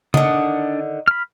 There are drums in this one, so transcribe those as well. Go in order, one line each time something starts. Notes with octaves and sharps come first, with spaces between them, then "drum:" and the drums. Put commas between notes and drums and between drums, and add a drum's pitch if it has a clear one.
D3 D#3 D4 F#5 D#6, drum: tom
B5 F6